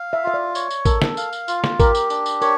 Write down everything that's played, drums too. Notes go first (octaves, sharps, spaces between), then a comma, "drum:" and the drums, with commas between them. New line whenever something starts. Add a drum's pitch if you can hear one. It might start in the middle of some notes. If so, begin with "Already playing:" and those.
Already playing: F5
E5
F4 E5
D5
C#5, drum: tambourine
drum: tambourine
A4 A#4, drum: kick A1, tambourine
drum: snare
F5, drum: tambourine
drum: tambourine
F4, drum: tambourine
drum: snare
G4 A#4, drum: kick A1, tambourine
drum: tambourine
D4, drum: tambourine
drum: tambourine
A#4 C#5, drum: tambourine